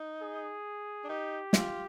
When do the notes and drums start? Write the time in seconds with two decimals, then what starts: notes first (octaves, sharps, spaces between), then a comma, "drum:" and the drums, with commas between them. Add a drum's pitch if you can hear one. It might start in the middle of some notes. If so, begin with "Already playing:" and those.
Already playing: D#4
0.22 G#4
1.04 D4
1.09 D#4 G4
1.53 F4, drum: snare